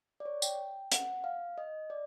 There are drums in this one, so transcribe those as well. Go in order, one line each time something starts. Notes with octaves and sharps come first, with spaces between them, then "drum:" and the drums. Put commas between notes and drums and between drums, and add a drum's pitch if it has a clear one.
D5
C#5
G5, drum: tambourine
F#5, drum: hi-hat
F5
D#5
D5